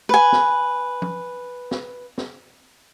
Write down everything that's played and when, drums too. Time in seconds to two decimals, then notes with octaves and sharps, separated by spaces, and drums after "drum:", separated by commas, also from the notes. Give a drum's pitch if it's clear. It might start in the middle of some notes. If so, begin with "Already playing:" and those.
0.09 B4 G#5
0.32 drum: snare
1.02 drum: tom F3
1.71 drum: snare
2.18 drum: snare